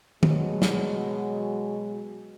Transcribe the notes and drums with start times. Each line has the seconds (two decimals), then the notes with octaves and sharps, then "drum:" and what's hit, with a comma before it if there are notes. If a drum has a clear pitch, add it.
0.23 B2 F#3 G#3, drum: tom D#3
0.62 drum: snare